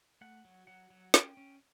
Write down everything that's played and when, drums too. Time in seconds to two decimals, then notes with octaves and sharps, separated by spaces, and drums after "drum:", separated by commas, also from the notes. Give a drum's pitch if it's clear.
0.21 A3 F#5
0.45 F#3
0.67 F#3 F#5
0.90 F#3
1.14 C#4 G5, drum: snare
1.37 C#4